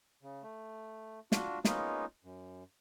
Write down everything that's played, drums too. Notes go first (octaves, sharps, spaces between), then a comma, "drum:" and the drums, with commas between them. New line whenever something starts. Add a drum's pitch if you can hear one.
C#3
A3
D4 F4 F#4, drum: snare
G#3 A#3 B3 C#4 D#4 F4, drum: snare
F#2